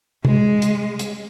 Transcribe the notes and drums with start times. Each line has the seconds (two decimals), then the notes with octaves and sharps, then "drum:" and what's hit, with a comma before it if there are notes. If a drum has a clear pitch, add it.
0.25 G#3, drum: tom C3
0.62 drum: hi-hat
0.99 drum: hi-hat